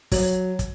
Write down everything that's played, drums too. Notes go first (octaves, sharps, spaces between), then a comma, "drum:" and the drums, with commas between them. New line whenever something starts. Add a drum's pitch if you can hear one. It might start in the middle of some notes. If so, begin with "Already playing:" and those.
F#3, drum: kick, open hi-hat
drum: kick, hi-hat